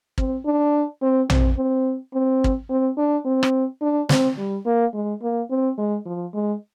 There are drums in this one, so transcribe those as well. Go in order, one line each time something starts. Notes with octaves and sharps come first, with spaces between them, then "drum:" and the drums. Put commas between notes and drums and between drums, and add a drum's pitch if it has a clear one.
C4, drum: kick
D4
C4
C4, drum: tom A#1
C4
C4
drum: kick
C4
D4
C4
drum: rim click
D4
C4, drum: snare
G3
A#3
G#3
A#3
C4
G#3
F3
G#3